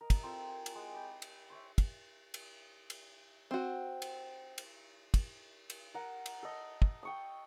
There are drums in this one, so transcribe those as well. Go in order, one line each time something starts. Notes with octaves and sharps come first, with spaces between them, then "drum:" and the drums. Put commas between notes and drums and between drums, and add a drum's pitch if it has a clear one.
A#4 D#5
drum: kick, cymbal
C4 F4 A4 A#4
G#5
drum: cymbal
G#3 G#4 D#5 F#5
G5 B5 D6
drum: cymbal
C5 C#5 E5
drum: kick, cymbal
drum: cymbal
drum: cymbal
C4 F#4
drum: cymbal
drum: cymbal
drum: kick, cymbal
drum: cymbal
A#4 F#5
drum: cymbal
A4 D#5
drum: kick
G5 C#6 D#6